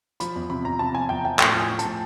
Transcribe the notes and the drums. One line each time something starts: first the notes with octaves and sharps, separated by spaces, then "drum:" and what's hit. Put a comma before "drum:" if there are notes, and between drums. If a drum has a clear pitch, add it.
F3 B5, drum: hi-hat
E2
C3 B5
E2 A#5
C3 A5
F3 G#5
E2 G5
F3 G5
A2 G5, drum: clap
F3
G#5
F3
A5, drum: hi-hat
A2